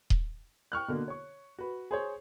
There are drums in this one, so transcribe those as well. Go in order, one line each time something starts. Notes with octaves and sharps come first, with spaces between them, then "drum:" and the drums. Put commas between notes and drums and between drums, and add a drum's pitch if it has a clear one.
drum: kick D#1
G5 C#6 F6 F#6
B2 D3 A#3
C#5 C#6
F#4 B4
G#4 C5 C#5